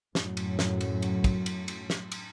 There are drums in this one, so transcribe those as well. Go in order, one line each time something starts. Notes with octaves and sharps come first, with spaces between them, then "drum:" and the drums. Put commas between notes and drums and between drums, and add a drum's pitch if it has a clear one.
F#2 A2 F#3, drum: snare
drum: cymbal
drum: snare
drum: cymbal
drum: cymbal
drum: kick, cymbal
drum: cymbal
drum: cymbal
drum: snare
drum: cymbal